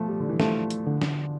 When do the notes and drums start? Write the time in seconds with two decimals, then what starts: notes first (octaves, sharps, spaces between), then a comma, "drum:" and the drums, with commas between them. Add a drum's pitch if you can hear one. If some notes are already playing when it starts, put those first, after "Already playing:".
Already playing: B2 F3 A3
0.08 G3
0.20 D3
0.29 E3
0.40 F3 A3, drum: snare
0.70 drum: hi-hat
0.87 D3
1.02 drum: snare